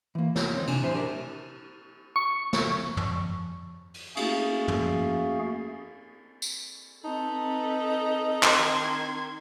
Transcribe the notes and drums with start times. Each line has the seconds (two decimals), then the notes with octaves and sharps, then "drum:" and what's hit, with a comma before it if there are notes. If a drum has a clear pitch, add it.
0.15 E3 A#3
0.36 C#5, drum: snare
0.54 D#3 C4 D#4
0.67 C3 D4 G#5, drum: cymbal
0.82 B1 A2 E3 C5 E5
0.94 D4 G4 A#4
2.16 C#6
2.53 drum: snare
2.97 drum: tom
3.94 drum: open hi-hat
4.17 A3 A#3 C#4 F#4 G#4 F5, drum: cymbal
4.68 drum: tom
6.42 drum: tambourine
7.04 C4 D#4 A4 B4 A5
8.43 D#3 C6 G#6, drum: clap